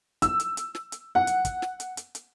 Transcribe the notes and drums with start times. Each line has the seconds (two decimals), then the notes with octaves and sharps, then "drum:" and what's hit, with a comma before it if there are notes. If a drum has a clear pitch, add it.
0.22 E6, drum: kick, hi-hat
0.40 drum: hi-hat
0.57 drum: hi-hat
0.75 drum: snare
0.92 drum: hi-hat
1.15 F#5
1.27 drum: hi-hat
1.45 drum: kick, hi-hat
1.62 drum: snare
1.80 drum: hi-hat
1.97 drum: hi-hat
2.15 drum: hi-hat